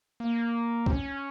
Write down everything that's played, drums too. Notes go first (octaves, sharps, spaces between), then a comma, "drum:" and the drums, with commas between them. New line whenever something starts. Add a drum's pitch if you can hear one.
A#3
C4, drum: kick
C#4